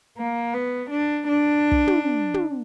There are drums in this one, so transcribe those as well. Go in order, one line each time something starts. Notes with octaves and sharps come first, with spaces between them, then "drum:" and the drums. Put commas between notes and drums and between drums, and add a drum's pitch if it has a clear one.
A#3
B3
D4
D4
drum: kick
drum: tom
drum: tom